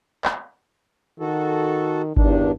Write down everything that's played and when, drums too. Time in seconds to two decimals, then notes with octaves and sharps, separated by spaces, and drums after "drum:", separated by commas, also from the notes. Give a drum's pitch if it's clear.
0.25 drum: clap
1.20 D#3 F#4 A4
2.17 E2 G2 D#3 D4, drum: kick G1